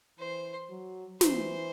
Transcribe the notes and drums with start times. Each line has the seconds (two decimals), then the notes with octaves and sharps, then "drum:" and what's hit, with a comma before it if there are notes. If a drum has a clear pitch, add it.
0.19 E3 C5
0.70 F#3
1.21 E3 C5, drum: snare